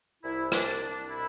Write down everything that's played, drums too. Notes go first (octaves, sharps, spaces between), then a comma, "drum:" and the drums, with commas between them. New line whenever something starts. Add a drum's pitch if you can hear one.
C2 E4
D4, drum: rim click
C2
D4
B2 E4